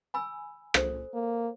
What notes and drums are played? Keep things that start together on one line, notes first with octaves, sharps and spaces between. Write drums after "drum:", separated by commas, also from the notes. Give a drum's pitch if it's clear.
G#5 B5 E6
A4 C5, drum: rim click
A#3